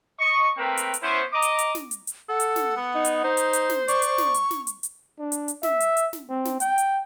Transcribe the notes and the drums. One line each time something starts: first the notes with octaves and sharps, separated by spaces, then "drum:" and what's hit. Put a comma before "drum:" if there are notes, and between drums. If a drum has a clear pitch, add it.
D#5 C#6
A3 A#3 C4 A#4 B4 G5
drum: hi-hat
drum: hi-hat
B3 C#4 E4 C5
D#5 A#5 D6
drum: hi-hat
drum: hi-hat
drum: snare
drum: hi-hat
drum: hi-hat
A4 F#5
drum: hi-hat
drum: snare
B3
D#4
drum: hi-hat
D#4 C5
drum: hi-hat
drum: hi-hat
drum: snare
D5 C#6, drum: hi-hat
drum: hi-hat
drum: snare
drum: hi-hat
drum: snare
drum: hi-hat
drum: hi-hat
D4
drum: hi-hat
drum: hi-hat
E5, drum: snare
drum: hi-hat
drum: hi-hat
drum: snare
C4
drum: snare
G5, drum: hi-hat
drum: hi-hat